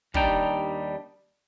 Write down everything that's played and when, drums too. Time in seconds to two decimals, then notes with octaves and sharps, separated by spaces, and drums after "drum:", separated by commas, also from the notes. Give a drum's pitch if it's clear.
0.14 D#2 G3 D4 D#4 G5, drum: kick